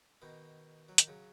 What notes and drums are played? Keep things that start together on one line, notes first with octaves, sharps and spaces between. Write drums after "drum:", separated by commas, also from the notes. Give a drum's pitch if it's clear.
B2 D#3
F#3
D#3, drum: hi-hat
C#3 F#3